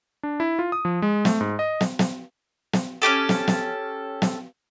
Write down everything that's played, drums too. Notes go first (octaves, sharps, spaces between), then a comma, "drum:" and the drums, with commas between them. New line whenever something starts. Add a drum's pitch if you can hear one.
D4
E4
F4
D#6
F3
G#3
A3, drum: snare
G#2
D#5
drum: snare
drum: snare
drum: snare
C#4 D4 G4 A4
drum: snare
drum: snare
drum: snare